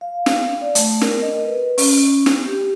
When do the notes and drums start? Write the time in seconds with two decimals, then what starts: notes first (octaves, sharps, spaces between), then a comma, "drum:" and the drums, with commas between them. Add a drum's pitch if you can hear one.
0.01 F5
0.26 drum: snare
0.61 D5
0.75 A3, drum: hi-hat
1.01 A#4, drum: snare
1.22 D#5
1.45 B4
1.78 C#4, drum: open hi-hat
2.26 drum: snare
2.46 G4